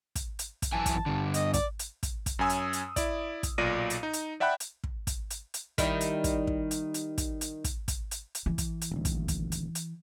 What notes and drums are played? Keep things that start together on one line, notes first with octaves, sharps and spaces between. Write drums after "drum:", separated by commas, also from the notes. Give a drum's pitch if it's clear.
drum: kick, hi-hat
drum: hi-hat
drum: kick, hi-hat
F#2 E3 G#5 A5
drum: kick, hi-hat
G2 D3
D#5, drum: hi-hat
D5, drum: kick, hi-hat
drum: hi-hat
drum: kick, hi-hat
drum: kick, hi-hat
F#2 C#4 G#5 D#6 E6
drum: hi-hat
drum: hi-hat
E4 D5, drum: kick, hi-hat
drum: kick, hi-hat
B1 A#2 F4 D5 A#6 D#7
drum: hi-hat
D#4
drum: hi-hat
D5 E5 F#5 G5 B5 F#6
drum: hi-hat
drum: kick
drum: kick, hi-hat
drum: hi-hat
drum: hi-hat
D#3 G3 E4, drum: kick, hi-hat
drum: hi-hat
drum: kick, hi-hat
drum: kick
drum: hi-hat
drum: hi-hat
drum: kick, hi-hat
drum: hi-hat
drum: kick, hi-hat
drum: kick, hi-hat
drum: hi-hat
drum: hi-hat
E3
drum: kick, hi-hat
drum: hi-hat
D#1 D2
drum: kick, hi-hat
drum: kick, hi-hat
drum: hi-hat
drum: hi-hat